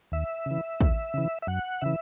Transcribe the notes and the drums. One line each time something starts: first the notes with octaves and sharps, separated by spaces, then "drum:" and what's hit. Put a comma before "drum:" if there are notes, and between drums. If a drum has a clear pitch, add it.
D#2 E5
C#3 E3
D#2, drum: kick
C#3 E3
E5
F#2 F#5
C#3 E3 E5